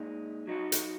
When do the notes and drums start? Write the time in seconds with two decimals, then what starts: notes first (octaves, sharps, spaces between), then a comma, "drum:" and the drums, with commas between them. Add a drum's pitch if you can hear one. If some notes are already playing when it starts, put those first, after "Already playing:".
Already playing: A#2 G#3 D#4
0.47 F#3 D#4 F#4
0.72 drum: hi-hat